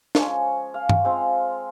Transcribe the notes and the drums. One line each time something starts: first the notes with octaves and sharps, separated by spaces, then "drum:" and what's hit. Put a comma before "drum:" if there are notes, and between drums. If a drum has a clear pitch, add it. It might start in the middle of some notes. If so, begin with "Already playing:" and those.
F3 G#3 C#4 C#5, drum: snare
F5
drum: tom G2
G#3 C4 F4